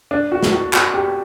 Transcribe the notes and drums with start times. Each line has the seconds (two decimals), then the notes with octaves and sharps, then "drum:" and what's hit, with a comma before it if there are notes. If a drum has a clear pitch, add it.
0.11 D4
0.32 F#4
0.43 drum: snare
0.52 F#4
0.73 F#4, drum: clap
0.94 G4